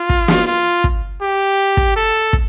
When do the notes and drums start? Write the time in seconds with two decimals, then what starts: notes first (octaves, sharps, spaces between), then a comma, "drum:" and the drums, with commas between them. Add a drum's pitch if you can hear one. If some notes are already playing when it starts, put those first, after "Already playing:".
Already playing: F4
0.10 drum: kick
0.28 drum: snare
0.47 F4
0.84 drum: kick
1.21 G4
1.77 drum: kick
1.96 A4
2.33 drum: kick